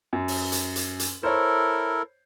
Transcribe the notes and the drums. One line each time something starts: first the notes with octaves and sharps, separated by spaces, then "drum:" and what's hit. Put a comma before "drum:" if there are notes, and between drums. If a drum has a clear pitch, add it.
F#2
drum: open hi-hat
drum: hi-hat
drum: hi-hat
drum: hi-hat
E4 A4 A#4 C5 C#5